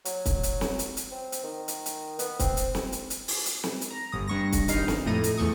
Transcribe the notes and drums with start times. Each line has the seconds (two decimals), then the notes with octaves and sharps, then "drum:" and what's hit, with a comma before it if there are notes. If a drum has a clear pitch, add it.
0.05 F#3, drum: hi-hat
0.26 drum: kick, hi-hat
0.43 drum: hi-hat
0.61 drum: snare
0.79 drum: hi-hat
0.97 drum: hi-hat
1.11 C4
1.32 drum: hi-hat
1.43 D#3
1.68 drum: hi-hat
1.86 drum: hi-hat
2.19 B3, drum: hi-hat
2.39 C4, drum: kick, hi-hat
2.57 drum: hi-hat
2.75 drum: snare
2.92 drum: hi-hat
3.10 drum: hi-hat
3.28 drum: open hi-hat
3.46 drum: hi-hat
3.64 drum: snare
3.81 drum: hi-hat
3.91 A#5
4.12 G1 D#6
4.28 G2 C#6 A#6
4.52 drum: kick, hi-hat
4.68 G#1 G2 D#4 F5, drum: hi-hat
4.88 drum: snare
5.06 F2 A2 A3 A#5 D#7
5.24 drum: hi-hat
5.38 E2 A3 C#6 D#6